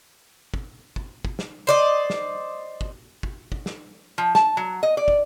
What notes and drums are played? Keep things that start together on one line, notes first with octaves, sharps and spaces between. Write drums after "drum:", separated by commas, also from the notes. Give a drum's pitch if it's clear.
drum: kick
drum: kick
drum: kick
drum: snare
C5 D5 D#5
drum: snare
drum: kick
drum: kick
drum: kick
drum: snare
F3
A5, drum: snare
F#3
D#5
D5
drum: kick